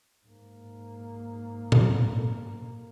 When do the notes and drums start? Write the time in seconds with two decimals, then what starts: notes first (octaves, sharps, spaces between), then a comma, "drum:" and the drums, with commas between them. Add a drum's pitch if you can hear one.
0.26 G#2 A#3
1.72 drum: tom A#2